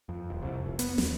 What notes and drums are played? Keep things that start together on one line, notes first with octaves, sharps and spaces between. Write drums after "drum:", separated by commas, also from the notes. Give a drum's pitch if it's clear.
F2
D#1
C2
F1
B3, drum: hi-hat
D#2, drum: snare